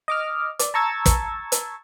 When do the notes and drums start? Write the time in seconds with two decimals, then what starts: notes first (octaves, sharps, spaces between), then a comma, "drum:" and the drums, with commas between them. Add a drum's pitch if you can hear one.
0.08 D#5 D6 F6
0.59 D5, drum: hi-hat
0.74 A5 A#5 C#6 E6 G#6 A6
1.06 drum: kick, hi-hat
1.52 drum: hi-hat